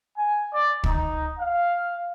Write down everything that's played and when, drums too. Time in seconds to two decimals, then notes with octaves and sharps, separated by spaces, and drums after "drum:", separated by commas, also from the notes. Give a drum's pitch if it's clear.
0.17 G#5
0.52 D5
0.84 D#4, drum: kick
1.38 F5